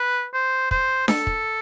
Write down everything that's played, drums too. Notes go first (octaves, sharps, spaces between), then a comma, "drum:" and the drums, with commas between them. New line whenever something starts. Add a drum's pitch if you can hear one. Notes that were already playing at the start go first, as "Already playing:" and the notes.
Already playing: B4
C5
C5, drum: kick
A4, drum: snare D4
drum: kick